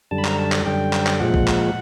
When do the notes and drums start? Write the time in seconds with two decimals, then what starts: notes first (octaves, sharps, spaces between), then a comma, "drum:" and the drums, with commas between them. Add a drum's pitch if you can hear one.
0.11 F#2 D3 G3 A5
0.18 B5
0.25 A#5, drum: clap
0.38 A5
0.52 drum: clap
0.66 F#2 D3 G3 G5
0.93 drum: clap
1.07 drum: clap
1.20 A#2 F3 G#3 F#5
1.34 drum: kick
1.48 drum: clap